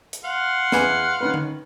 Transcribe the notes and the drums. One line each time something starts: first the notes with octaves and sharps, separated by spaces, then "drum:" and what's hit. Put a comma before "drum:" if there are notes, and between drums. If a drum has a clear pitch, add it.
drum: hi-hat
F5 F#5 C6
E2 B4 G#5, drum: snare
D#3 C#4 B4
drum: tom D3